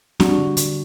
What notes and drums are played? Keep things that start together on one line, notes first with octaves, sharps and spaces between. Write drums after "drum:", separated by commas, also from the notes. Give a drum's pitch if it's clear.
G3 D4 F#4, drum: snare C4
D3
D3, drum: hi-hat